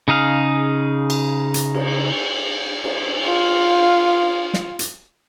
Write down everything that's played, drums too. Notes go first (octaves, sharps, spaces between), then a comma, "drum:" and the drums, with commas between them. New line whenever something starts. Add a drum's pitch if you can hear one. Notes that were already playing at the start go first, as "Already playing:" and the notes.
C#3 D#4 G#4 F5
drum: cymbal
drum: hi-hat
drum: cymbal
drum: cymbal
F4 F5
drum: snare
drum: hi-hat